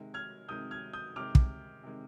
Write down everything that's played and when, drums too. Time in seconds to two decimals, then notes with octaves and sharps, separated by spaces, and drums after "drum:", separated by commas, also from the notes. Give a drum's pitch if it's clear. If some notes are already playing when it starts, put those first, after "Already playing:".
Already playing: C3 D#3 G#3
0.14 F6 G#6
0.48 C3 D#3 G#3 D#6 G6
0.71 F6 G#6
0.93 D#6 G6
1.16 C3 D#3 G#3 D6 F6
1.35 drum: kick
1.83 C3 D#3 G#3